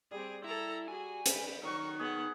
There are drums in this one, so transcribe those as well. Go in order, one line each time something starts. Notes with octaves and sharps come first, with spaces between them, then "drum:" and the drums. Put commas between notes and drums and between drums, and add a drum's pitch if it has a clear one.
G3 C4 G#4
E4 A4 A#5
F#4 G#4 G#5
G4 B4, drum: hi-hat
F#3 D#4 F#4 A#4 C#6
B3 G#4 F#5